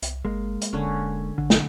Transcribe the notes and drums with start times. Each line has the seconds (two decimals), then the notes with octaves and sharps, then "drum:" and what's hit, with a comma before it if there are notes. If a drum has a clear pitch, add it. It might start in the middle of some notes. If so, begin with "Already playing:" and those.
0.02 C2, drum: hi-hat
0.25 G1 G#3 A#3
0.61 drum: hi-hat
0.73 E1 D3 C#4
0.86 E1
1.38 A1 D3
1.50 drum: snare